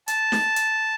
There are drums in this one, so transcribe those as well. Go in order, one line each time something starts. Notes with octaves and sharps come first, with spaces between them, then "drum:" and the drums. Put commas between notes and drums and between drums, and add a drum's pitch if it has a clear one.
A5, drum: hi-hat
drum: snare
drum: hi-hat